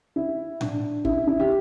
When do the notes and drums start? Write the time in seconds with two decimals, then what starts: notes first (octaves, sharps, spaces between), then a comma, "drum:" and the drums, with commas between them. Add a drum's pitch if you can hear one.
0.16 E4
0.61 D4, drum: tom A2
1.05 E4, drum: kick
1.27 E4
1.40 G4